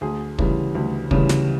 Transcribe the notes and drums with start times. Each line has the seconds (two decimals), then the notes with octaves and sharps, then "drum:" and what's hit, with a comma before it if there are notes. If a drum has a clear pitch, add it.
0.01 D2 G#4
0.39 C#3 E3 G3, drum: kick
0.75 D2
1.11 C#3 E3 G3, drum: kick
1.29 drum: snare